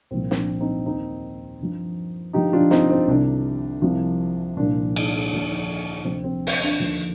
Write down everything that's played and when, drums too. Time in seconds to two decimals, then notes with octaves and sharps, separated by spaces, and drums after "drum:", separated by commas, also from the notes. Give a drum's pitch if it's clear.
0.11 C2 A#2 F3 C4
0.31 C4, drum: snare
0.36 D4
0.60 C4 D#4
0.86 D#2 D#3 C4 D#4
1.60 G2 F3
2.33 G2 D3 F3 D#4 G4
2.53 D4 F4
2.71 C4 D#4, drum: snare
2.90 C4
3.08 C2 C3 D#3 D4
3.82 C2 C3 F3
4.56 C2 A#2 F3 D4
4.96 drum: cymbal
5.31 D#2 D3 F3
6.05 D2 C3 F3 C4
6.24 C4
6.47 drum: open hi-hat
6.61 D4
6.80 D#2 D3 F3